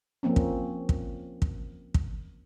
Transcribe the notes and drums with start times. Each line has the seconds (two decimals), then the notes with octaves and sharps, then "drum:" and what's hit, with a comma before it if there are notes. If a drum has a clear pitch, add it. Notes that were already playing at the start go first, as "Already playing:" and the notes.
0.23 F3 A#3 C4 C#4
0.36 drum: kick
0.89 drum: kick
1.42 drum: kick
1.94 drum: kick